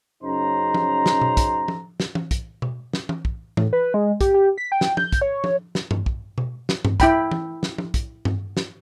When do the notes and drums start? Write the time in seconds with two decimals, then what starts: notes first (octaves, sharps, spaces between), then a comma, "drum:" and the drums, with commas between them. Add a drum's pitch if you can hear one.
0.23 F#2 C#3 D#4 C5 A#5
0.75 drum: tom
1.06 drum: snare
1.21 drum: tom B2
1.37 drum: kick, hi-hat
1.68 drum: tom
2.00 drum: snare
2.15 drum: tom E3
2.31 drum: kick, hi-hat
2.62 drum: tom B2
2.93 drum: snare
3.09 drum: tom E3
3.25 drum: kick
3.57 A2, drum: tom E3
3.73 B4
3.94 G#3
4.21 G4, drum: kick, hi-hat
4.34 G4
4.58 B6
4.72 G5
4.81 drum: snare
4.97 G6, drum: tom
5.12 drum: kick, hi-hat
5.22 C#5
5.44 drum: tom
5.75 drum: snare
5.91 drum: tom G2
6.06 drum: kick
6.38 drum: tom B2
6.69 drum: snare
6.85 drum: tom G2
7.00 E4 G5 B5, drum: kick, hi-hat
7.31 drum: tom E3
7.63 drum: snare
7.78 drum: tom
7.94 drum: kick, hi-hat
8.25 drum: tom G2
8.57 drum: snare